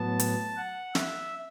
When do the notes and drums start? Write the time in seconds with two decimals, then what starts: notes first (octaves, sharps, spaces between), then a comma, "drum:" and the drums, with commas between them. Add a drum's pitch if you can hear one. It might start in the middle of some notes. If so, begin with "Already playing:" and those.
Already playing: A2 F#3 B3 A5
0.19 drum: hi-hat
0.57 F#5
0.95 E5, drum: snare